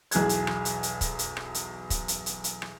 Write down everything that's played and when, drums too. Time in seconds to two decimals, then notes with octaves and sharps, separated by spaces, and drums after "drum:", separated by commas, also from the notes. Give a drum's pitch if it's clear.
0.11 B1 E2 G#4 F#6 G#6, drum: hi-hat
0.29 drum: hi-hat
0.47 drum: rim click
0.65 drum: hi-hat
0.83 drum: hi-hat
1.01 drum: kick, hi-hat
1.19 drum: hi-hat
1.37 drum: rim click
1.54 drum: hi-hat
1.90 drum: kick, hi-hat
2.08 drum: hi-hat
2.26 drum: hi-hat
2.44 drum: hi-hat
2.62 drum: rim click